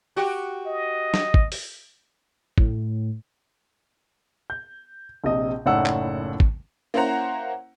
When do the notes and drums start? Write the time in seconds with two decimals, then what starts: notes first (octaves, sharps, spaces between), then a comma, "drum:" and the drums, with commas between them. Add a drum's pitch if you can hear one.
0.16 F#4 G4
0.66 D#5
1.14 drum: snare
1.34 drum: kick A1
1.52 drum: open hi-hat
2.58 A2, drum: kick A1
4.50 G6
5.24 A#1 C3 D#5
5.66 F#1 A2 D#4 D5 F#5 E6
5.86 drum: clap
6.40 drum: kick A1
6.94 A#3 C#4 E4 C5 F#5 A#5